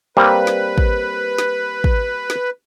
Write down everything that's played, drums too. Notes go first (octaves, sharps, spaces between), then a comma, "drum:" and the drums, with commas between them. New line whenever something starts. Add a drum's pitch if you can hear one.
G3 A#3 C4 B4
drum: snare
drum: kick
drum: snare
drum: kick
drum: snare